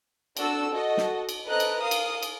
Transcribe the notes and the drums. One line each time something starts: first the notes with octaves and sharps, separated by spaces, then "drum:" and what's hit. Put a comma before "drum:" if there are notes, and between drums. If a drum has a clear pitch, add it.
D4 F#4 A4 E6, drum: cymbal
F#4 A4 D#5
drum: snare
drum: cymbal
A4 B4 C5 D#5 A#5 F#6
drum: cymbal
A#4 F5 D#6
drum: cymbal
drum: cymbal